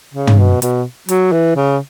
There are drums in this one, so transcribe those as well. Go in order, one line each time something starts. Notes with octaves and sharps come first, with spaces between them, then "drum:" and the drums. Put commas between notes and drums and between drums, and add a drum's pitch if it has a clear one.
C#3
drum: tom
B2
B2, drum: hi-hat
F#3, drum: hi-hat
E3
C#3